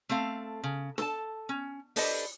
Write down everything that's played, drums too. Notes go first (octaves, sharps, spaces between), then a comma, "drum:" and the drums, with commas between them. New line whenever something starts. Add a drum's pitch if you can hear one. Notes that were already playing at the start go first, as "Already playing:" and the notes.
A3 C4 A4 F5
C#3
A4 A5, drum: snare D4
C#4
D4 G4 A4 B4 C5 D#5, drum: open hi-hat